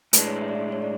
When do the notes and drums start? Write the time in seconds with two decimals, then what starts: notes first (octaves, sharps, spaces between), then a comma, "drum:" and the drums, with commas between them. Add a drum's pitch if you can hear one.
0.13 A2 G#3 D4 B4, drum: hi-hat
0.27 C#5
0.41 E5
0.48 D5
0.55 E5
0.72 C#5
0.82 D5